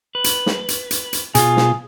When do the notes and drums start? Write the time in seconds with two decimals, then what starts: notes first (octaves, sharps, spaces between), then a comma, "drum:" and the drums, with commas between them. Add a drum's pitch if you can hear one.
0.15 B4
0.24 drum: hi-hat
0.46 drum: snare
0.68 drum: hi-hat
0.91 drum: hi-hat
1.13 drum: hi-hat
1.35 B2 F4 G#4, drum: hi-hat
1.57 drum: snare